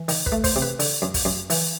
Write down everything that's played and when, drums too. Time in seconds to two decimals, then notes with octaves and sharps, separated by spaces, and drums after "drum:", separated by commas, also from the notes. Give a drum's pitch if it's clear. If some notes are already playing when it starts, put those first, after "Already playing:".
Already playing: E3
0.08 D#3, drum: open hi-hat
0.26 B4, drum: kick
0.32 A3
0.44 C5, drum: kick, open hi-hat
0.56 C3
0.62 B4
0.80 D3, drum: open hi-hat
1.02 F#2
1.14 drum: kick, open hi-hat
1.25 F#2
1.50 E3, drum: open hi-hat